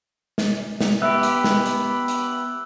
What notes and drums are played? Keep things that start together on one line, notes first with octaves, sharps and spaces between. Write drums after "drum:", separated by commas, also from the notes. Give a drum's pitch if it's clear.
drum: snare
drum: snare
B3 G4 E5 B5 E6 F#6
drum: hi-hat
drum: snare
drum: hi-hat
drum: hi-hat